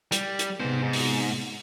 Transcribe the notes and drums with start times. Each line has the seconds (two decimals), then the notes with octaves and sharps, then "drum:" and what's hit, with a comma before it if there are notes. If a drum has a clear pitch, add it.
0.12 G3, drum: hi-hat
0.39 drum: hi-hat
0.60 G#2 C3 B3 C5
0.82 G#2
0.93 drum: open hi-hat